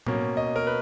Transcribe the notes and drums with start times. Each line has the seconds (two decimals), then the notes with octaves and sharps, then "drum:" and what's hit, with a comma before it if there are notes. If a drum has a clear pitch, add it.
0.07 B2 A#3 C#4, drum: tom A2
0.37 D#5
0.56 A#4
0.67 B4